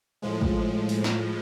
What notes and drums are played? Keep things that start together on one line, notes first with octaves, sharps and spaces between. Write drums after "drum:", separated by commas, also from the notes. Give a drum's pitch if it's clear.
A2 F3 G#3
drum: kick G#1
drum: open hi-hat
drum: snare